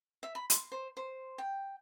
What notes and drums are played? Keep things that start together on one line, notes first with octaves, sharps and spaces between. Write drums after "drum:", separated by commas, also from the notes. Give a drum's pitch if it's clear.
E5
B5
C6, drum: hi-hat
C5
C5
G5